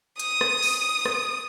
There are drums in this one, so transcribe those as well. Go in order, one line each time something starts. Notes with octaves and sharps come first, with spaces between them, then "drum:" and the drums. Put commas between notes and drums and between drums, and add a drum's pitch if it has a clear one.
D#6, drum: hi-hat
drum: rim click
drum: open hi-hat
drum: rim click